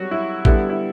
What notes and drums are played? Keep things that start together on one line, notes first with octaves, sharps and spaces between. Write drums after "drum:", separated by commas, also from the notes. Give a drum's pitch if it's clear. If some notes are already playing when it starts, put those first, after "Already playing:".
Already playing: F#3 G3 F#4
E4
D3 G3 B3 E4, drum: kick A1
E4